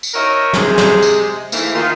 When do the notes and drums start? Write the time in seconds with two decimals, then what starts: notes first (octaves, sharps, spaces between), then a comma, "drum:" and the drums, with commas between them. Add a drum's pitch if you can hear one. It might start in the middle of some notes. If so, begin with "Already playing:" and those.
0.03 drum: tambourine
0.14 D#4 F#4 A#4 C#5 D#5 E5
0.53 C3 G#3, drum: snare
0.78 drum: snare
1.03 drum: tambourine
1.52 G#2 E3 A3 A#3, drum: tambourine
1.74 D#3 F4